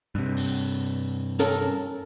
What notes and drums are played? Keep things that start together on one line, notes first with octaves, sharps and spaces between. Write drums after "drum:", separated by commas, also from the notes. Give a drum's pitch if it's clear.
G2 C3
drum: open hi-hat
C#4 A4 A#4, drum: hi-hat